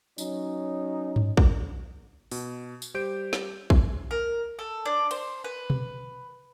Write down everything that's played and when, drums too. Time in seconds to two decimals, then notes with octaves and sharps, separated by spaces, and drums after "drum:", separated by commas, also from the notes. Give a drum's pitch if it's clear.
0.18 F#3 C#4 D#4, drum: tambourine
1.16 drum: tom G2
1.37 drum: kick
2.31 B2, drum: open hi-hat
2.82 drum: tambourine
2.94 G3 G4 C5 G6 D7
3.33 drum: snare
3.70 drum: kick
4.11 A#4
4.59 A4
4.85 D4
5.11 C5, drum: cymbal
5.44 B4
5.70 drum: tom B2